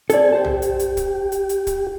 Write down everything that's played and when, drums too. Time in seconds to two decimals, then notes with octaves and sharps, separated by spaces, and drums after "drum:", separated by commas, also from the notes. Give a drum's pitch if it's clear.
0.10 C4 G#4 A4 D5 G#5, drum: hi-hat
0.32 G4 C5 A5
0.45 drum: tom
0.62 drum: hi-hat
0.79 drum: hi-hat
0.97 drum: kick, hi-hat
1.32 drum: hi-hat
1.49 drum: hi-hat
1.67 drum: kick, hi-hat